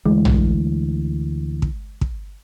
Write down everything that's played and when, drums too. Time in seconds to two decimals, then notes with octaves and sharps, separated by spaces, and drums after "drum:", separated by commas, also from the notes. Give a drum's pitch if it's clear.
0.06 D2 E3 G#3
0.25 drum: tom A#1
1.62 drum: kick
2.01 drum: kick